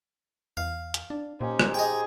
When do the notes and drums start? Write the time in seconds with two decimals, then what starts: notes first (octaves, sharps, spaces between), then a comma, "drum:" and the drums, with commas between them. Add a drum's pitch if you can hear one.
0.57 E2 F5
0.94 drum: hi-hat
1.10 D4
1.41 A#2 C#4 D#4 G4 C5
1.59 drum: rim click
1.74 G#4 D#5 G5